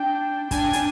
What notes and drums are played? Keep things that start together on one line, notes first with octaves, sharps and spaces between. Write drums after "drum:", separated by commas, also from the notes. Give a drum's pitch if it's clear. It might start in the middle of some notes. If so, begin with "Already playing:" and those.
Already playing: D4 G5
D4 G#5, drum: kick, hi-hat
drum: hi-hat